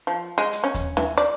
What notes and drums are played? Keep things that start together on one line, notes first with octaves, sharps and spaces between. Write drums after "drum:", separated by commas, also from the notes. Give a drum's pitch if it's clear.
F3
G#3
drum: hi-hat
C#4
drum: kick D#2, hi-hat
E3, drum: snare
D5, drum: hi-hat